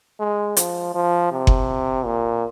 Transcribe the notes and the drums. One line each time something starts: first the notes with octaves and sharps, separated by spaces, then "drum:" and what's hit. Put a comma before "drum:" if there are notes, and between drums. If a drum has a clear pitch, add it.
G#3
F3, drum: hi-hat
F3
C3
drum: kick F#1
A#2